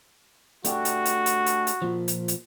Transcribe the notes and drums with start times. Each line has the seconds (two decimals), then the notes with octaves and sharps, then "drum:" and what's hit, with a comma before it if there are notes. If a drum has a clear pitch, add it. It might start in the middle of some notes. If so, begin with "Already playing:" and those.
0.65 A3 D4 F#4 G4, drum: hi-hat
0.85 drum: hi-hat
1.05 drum: hi-hat
1.26 drum: hi-hat
1.46 drum: hi-hat
1.67 drum: hi-hat
1.82 A#2 F3
2.08 drum: hi-hat
2.28 drum: hi-hat